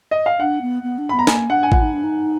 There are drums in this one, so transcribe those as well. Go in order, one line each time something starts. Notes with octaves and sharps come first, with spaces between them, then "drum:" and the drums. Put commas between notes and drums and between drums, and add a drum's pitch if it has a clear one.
D#5
F5
D4 F#5
B3
B3
D4
B3 B5
A#5
A#3 G#5, drum: snare
D4 F#5
G#5
F4 F#5, drum: kick A1
D#4
D4
D#4